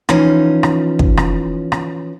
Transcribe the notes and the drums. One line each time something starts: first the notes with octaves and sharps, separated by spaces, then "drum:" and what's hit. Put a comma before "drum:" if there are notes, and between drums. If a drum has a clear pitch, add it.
E3 F3 C#4 D#4 F4, drum: rim click
drum: rim click
drum: kick
drum: rim click
drum: rim click